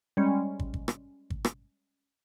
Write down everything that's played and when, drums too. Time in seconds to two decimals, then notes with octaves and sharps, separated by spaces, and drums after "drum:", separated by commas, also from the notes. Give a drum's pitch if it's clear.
0.17 G3 G#3 C#4
0.60 drum: kick
0.74 drum: kick
0.88 drum: rim click
1.30 drum: kick
1.45 drum: rim click